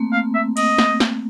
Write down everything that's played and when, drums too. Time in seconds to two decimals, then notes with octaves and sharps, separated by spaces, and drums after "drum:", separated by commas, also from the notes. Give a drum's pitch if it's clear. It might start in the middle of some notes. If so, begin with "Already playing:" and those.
Already playing: A3 A#3 C4
0.12 F5
0.34 E5
0.57 D#5, drum: cymbal
0.78 drum: snare
1.00 drum: snare